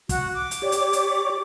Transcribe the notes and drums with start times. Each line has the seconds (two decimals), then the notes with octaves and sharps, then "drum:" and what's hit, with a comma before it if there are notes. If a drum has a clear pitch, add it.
0.09 F#4, drum: kick, hi-hat
0.34 D6
0.51 drum: hi-hat
0.62 G4 C#5 D5
0.72 drum: hi-hat
0.93 drum: hi-hat